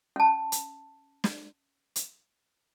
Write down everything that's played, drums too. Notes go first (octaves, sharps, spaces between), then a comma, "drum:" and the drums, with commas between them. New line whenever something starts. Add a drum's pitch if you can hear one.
C#4 A5
drum: hi-hat
drum: snare
drum: hi-hat